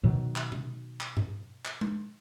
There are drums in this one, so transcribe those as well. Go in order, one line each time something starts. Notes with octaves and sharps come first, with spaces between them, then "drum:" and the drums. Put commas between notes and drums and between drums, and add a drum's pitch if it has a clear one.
B2 D#3 F#3
drum: clap
drum: tom C3
drum: clap
drum: tom G2
drum: clap
drum: tom G#3